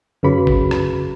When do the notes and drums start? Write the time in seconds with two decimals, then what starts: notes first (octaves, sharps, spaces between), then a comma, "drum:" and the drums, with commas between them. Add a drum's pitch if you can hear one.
0.23 F#2 C#3 F#4 G#4 B4 B5
0.47 drum: kick
0.71 drum: rim click